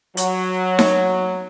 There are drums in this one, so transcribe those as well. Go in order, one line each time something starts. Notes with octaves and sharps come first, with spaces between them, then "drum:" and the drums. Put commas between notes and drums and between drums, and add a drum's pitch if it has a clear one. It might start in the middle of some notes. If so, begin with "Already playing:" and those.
F#3, drum: hi-hat
drum: snare D#4